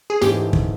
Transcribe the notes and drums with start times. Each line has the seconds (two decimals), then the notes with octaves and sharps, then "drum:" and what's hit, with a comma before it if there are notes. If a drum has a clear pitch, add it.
0.10 G#4
0.22 G#2 E3 A3 C#4 G4, drum: snare
0.53 drum: kick